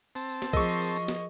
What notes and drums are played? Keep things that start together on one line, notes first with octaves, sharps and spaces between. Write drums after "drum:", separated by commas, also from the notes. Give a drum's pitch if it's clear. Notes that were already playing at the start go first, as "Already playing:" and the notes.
C4 A5, drum: tambourine
drum: tambourine
drum: snare
F3 G#4 A#4 D#5 C#6, drum: kick, tambourine
drum: tambourine
drum: tambourine
drum: tambourine
drum: snare